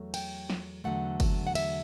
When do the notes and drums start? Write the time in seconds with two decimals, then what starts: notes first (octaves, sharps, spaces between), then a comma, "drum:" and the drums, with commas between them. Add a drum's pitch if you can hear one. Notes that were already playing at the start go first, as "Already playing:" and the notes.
Already playing: E2 F#3 A3
0.14 G5, drum: cymbal
0.50 drum: snare
0.84 E2 D3 F#3 A3 F#5
1.20 drum: kick F#1, cymbal
1.47 F#5
1.55 E5, drum: cymbal